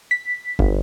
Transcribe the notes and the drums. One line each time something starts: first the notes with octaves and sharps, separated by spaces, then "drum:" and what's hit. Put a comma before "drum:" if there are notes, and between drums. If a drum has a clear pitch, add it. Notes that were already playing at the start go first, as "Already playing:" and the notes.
B6
G1, drum: kick